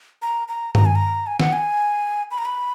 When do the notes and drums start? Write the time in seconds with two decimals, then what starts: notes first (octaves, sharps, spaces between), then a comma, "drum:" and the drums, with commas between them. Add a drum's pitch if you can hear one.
0.22 A#5
0.48 A#5
0.75 A#5, drum: tom G2
0.86 G#5
0.95 A#5
1.27 G#5
1.40 F#5, drum: snare
1.53 G#5
2.31 B5
2.38 A#5
2.45 B5